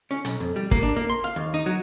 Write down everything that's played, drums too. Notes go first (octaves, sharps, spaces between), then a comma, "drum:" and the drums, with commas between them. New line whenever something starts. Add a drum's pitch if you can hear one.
C#4
B1, drum: hi-hat
F2
G3
A#3, drum: kick
D4
A#3
C6
F5
D#2
D#4
F#3